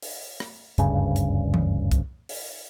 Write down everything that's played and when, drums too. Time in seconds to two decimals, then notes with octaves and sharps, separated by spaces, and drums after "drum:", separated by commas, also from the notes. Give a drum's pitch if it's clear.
0.03 drum: open hi-hat
0.40 drum: rim click
0.78 F#1 D2 G2 C#3, drum: hi-hat
1.16 drum: hi-hat
1.54 drum: tom E3
1.91 drum: kick, hi-hat
2.29 drum: open hi-hat